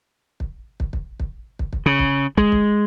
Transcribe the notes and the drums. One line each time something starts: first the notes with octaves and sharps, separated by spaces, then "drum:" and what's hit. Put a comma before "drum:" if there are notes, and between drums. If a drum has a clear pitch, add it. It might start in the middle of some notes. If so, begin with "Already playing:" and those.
drum: kick
drum: kick
drum: kick
drum: kick
drum: kick
drum: kick
C#3
drum: kick
G#3, drum: kick
drum: kick